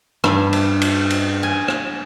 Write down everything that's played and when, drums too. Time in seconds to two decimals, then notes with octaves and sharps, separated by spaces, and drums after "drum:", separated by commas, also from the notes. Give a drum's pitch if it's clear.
0.24 G2, drum: rim click
0.53 drum: cymbal
0.82 drum: cymbal
1.10 drum: cymbal
1.43 G#5
1.68 drum: rim click